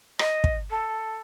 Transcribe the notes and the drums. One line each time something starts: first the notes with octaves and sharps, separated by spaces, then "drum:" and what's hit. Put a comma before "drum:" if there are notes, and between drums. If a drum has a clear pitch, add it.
D#5, drum: rim click
drum: kick
A4